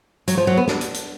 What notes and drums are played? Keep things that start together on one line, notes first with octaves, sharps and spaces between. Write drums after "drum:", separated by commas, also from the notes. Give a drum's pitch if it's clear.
F#3, drum: hi-hat
F3
F#3
B3
D4, drum: snare
drum: hi-hat
drum: hi-hat